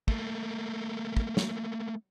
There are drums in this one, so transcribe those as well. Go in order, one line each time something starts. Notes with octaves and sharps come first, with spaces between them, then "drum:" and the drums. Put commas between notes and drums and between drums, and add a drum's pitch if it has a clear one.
A3 A#3, drum: kick
drum: kick
drum: snare